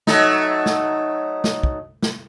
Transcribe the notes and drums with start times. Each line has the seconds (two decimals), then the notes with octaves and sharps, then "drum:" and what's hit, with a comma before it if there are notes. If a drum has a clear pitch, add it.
0.07 F#3 A3 D#4, drum: snare
0.66 drum: snare
1.44 drum: snare
1.63 drum: kick
2.03 drum: snare